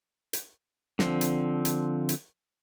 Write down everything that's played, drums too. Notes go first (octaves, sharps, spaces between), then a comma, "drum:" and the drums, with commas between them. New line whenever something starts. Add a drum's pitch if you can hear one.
drum: hi-hat
D3 F3 C4, drum: snare
drum: hi-hat
drum: hi-hat
drum: hi-hat